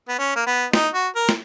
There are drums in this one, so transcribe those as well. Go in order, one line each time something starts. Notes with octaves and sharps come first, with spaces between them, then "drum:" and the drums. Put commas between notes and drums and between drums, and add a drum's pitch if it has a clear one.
B3
C#4
A#3
B3
D#4, drum: snare
F#4
A#4
drum: snare